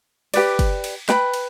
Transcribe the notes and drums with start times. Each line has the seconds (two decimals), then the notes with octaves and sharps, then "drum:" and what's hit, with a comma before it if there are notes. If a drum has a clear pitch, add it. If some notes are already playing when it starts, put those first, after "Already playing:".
0.34 G4 B4 D5, drum: cymbal
0.59 drum: kick, cymbal
0.84 drum: cymbal
1.09 B4 G5 B5, drum: snare
1.34 drum: cymbal